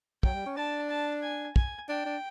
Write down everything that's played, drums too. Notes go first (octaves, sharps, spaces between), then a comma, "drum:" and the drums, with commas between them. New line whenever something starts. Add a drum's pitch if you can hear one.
F#3 G5, drum: kick
G3
C#4
D4 A5
A5
G#5
G#5, drum: kick
D4 G5
D4